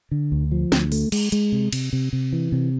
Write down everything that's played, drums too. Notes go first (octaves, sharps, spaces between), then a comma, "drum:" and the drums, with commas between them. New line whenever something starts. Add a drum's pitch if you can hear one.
D3
D2
F3
D2, drum: snare
A3, drum: open hi-hat
G#3, drum: cymbal
G#3, drum: hi-hat
C3
C3, drum: cymbal
C3
C3
E3
C3